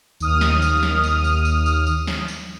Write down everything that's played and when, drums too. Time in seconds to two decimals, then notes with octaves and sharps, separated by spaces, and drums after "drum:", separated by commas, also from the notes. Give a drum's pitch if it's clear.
0.20 D#2 D#6 F6, drum: tambourine
0.41 drum: snare
0.62 drum: tambourine
0.83 drum: snare
1.04 drum: tambourine
1.24 drum: tambourine
1.45 drum: tambourine
1.66 drum: tambourine
1.87 drum: tambourine
2.07 drum: snare
2.28 drum: tambourine